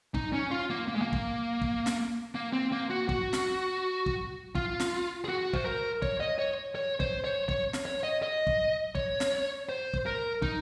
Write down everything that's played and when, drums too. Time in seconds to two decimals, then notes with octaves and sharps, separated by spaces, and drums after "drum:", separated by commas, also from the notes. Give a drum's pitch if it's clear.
0.14 D#4, drum: kick
0.33 C#4
0.51 F4
0.70 A#3
0.88 A#3
0.95 G#3
1.02 A#3
1.12 drum: kick
1.61 drum: kick
1.86 drum: snare
2.35 A#3
2.53 C4
2.72 A#3
2.90 F#4
3.09 F#4, drum: kick
3.33 drum: snare
4.06 drum: kick
4.55 F4, drum: kick
4.80 drum: snare
5.24 G#4
5.29 F#4
5.53 C5, drum: kick
5.65 A#4
6.02 C#5, drum: kick
6.20 D#5
6.39 C#5
6.75 C#5
7.00 C5, drum: kick
7.24 C#5
7.48 C#5, drum: kick
7.73 drum: snare
7.85 C#5
8.03 D#5
8.22 D#5
8.47 drum: kick
8.95 C#5, drum: kick
9.20 drum: snare
9.69 C5
9.94 drum: kick
10.06 A#4
10.42 D#4, drum: kick